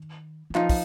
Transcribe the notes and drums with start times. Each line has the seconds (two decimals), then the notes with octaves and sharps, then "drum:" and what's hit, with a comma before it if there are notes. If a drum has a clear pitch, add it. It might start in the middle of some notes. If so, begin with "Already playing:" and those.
Already playing: D#3
0.50 E3
0.55 F3 D#4 F4, drum: clap
0.69 drum: kick, open hi-hat